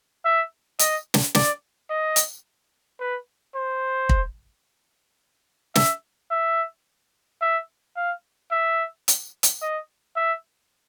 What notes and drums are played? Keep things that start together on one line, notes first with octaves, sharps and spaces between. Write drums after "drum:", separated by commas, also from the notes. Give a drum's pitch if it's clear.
E5
D#5, drum: hi-hat
drum: snare
D5, drum: snare
D#5
drum: hi-hat
B4
C5
drum: kick
E5, drum: snare
E5
E5
F5
E5
drum: hi-hat
drum: hi-hat
D#5
E5